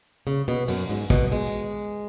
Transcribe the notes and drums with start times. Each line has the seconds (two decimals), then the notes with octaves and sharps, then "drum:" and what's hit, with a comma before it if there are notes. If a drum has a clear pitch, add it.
0.27 C#3
0.48 B2
0.68 F#2, drum: open hi-hat
0.89 G#2
1.10 B2, drum: kick
1.32 G#3
1.46 drum: tambourine